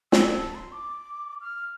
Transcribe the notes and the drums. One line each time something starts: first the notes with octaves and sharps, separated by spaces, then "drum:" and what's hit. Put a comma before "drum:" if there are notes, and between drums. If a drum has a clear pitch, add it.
E6, drum: snare
A5
C6
D6
F6